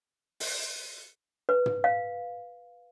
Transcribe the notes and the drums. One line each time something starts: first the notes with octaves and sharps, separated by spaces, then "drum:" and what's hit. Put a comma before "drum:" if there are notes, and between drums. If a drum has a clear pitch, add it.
drum: open hi-hat
B4
drum: tom
F5